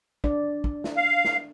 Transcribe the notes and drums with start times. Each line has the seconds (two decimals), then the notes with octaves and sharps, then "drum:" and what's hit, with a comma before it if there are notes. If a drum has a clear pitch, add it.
0.24 D4 D5, drum: kick
0.64 drum: kick
0.84 drum: snare
0.96 F5
1.25 drum: snare